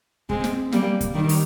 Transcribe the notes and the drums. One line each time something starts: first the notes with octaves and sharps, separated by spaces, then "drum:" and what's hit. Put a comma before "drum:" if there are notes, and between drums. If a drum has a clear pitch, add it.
G#3 C4, drum: kick
drum: snare
G3 A#3, drum: snare
drum: kick, hi-hat
D#3 G3
drum: open hi-hat